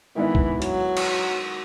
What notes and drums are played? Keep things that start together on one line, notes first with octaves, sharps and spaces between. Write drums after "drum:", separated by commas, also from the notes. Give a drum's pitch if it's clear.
D#3 E3 G#3 B3 E4
drum: kick
F#3, drum: hi-hat
drum: cymbal